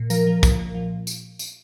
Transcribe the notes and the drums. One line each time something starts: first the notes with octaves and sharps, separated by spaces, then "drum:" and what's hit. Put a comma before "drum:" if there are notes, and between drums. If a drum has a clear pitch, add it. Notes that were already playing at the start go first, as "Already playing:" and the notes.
Already playing: A#2
F3 A#4, drum: tambourine
F3
A#2, drum: kick, tambourine
A#2
F3
drum: tambourine
drum: tambourine